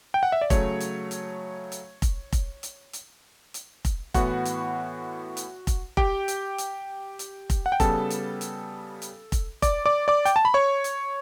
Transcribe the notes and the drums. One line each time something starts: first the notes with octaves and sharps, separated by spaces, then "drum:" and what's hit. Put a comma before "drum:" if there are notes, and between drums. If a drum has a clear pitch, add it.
G5
F#5
E5
D5
C#3 F#3 A3 C#5, drum: kick F1, hi-hat
drum: hi-hat
drum: hi-hat
drum: hi-hat
drum: kick F1, hi-hat
drum: kick F1, hi-hat
drum: hi-hat
drum: hi-hat
drum: hi-hat
drum: kick F1, hi-hat
A2 E3 B3 F#4 F#5, drum: kick F1, hi-hat
drum: hi-hat
drum: hi-hat
drum: kick F1, hi-hat
G4 G5, drum: kick F1
drum: hi-hat
drum: hi-hat
drum: hi-hat
drum: kick F1, hi-hat
F#5
G5
C#3 G3 B3 A4 A5, drum: kick F1, hi-hat
drum: hi-hat
drum: hi-hat
drum: hi-hat
drum: kick F1, hi-hat
D5 D6, drum: kick F1, hi-hat
D5 D6
D5 D6
G5, drum: hi-hat
A5
B5
C#5 C#6
drum: hi-hat